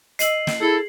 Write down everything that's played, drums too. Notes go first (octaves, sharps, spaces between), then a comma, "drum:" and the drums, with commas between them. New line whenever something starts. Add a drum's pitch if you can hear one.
D#5 E6 C7 F#7, drum: hi-hat
drum: snare
E4 G#4 A4